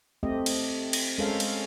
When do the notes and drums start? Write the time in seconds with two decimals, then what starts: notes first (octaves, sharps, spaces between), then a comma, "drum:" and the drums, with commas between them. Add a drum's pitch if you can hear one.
0.23 A3 C4 G4 D#5
0.46 drum: cymbal
0.93 drum: cymbal
1.18 G#3 C#4 A4 A#4 C5 F5
1.40 drum: cymbal